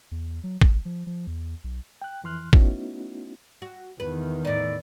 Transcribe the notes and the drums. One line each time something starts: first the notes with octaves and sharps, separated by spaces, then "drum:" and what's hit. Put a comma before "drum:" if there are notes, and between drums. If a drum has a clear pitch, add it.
E2
F#3
B1, drum: kick
F3
F3
E2
B1
G5 F#6
F2 E3 C6 F6 F#6
A3 B3 C#4 D#4 E4 F#4, drum: kick
F#4
E2 D#3 B4
A2 D#4 D5